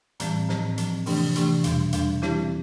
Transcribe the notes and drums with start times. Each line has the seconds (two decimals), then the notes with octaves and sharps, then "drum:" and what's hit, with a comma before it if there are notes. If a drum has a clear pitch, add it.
0.20 A2 E3 G3 C4, drum: hi-hat
0.49 A2 F3 C4, drum: snare
0.78 A2 F3 C4, drum: hi-hat
1.06 C3 E3 A3 D4 G4, drum: open hi-hat
1.36 C3 E3 A3 D4 G4, drum: hi-hat
1.64 E2 B2 G3 D4, drum: hi-hat
1.93 E2 B2 G3 D4, drum: hi-hat
2.22 E3 G3 C4 E4 G4, drum: snare